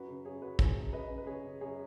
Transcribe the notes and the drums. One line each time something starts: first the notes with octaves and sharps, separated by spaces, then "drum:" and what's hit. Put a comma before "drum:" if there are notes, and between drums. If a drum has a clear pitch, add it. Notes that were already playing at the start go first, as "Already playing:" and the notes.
Already playing: F#2 F#4 B4
C#3
F#2 G#4 C#5
F#2 F#4 B4
C#3 G#4, drum: kick
F#2
C#3 B4 D#5
F#2
B4
C#3 G#4 C#5
C#3
F#2 G#4 C#5